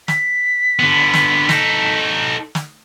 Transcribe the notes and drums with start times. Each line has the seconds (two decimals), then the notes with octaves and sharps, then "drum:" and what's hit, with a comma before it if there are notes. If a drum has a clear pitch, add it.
0.08 B6, drum: snare
0.79 D3 B3
1.14 drum: snare
1.49 D#4 A4, drum: snare
2.55 drum: snare